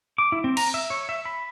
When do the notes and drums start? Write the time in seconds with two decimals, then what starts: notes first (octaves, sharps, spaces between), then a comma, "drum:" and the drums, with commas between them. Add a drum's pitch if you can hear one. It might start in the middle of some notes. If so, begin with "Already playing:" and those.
0.18 D6
0.32 E4
0.44 C4
0.57 A#5, drum: cymbal
0.74 E5
0.90 C#5
1.09 E5
1.25 B5